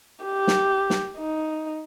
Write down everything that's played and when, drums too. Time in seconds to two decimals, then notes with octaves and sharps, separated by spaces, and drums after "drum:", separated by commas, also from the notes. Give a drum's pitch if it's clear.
0.24 G4
0.47 drum: snare
0.90 drum: snare
1.18 D#4